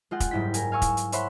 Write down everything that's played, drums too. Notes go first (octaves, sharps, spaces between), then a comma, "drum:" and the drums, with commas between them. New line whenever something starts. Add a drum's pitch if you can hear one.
G#3 F4 F#5 G5
drum: kick, hi-hat
F#1 G#2 G3 E4 G5 B6
A#4 G#5, drum: hi-hat
F5 G#5 C#6 E6
drum: kick, hi-hat
drum: hi-hat
C5 C#5 E5 F#5 B5 C6, drum: hi-hat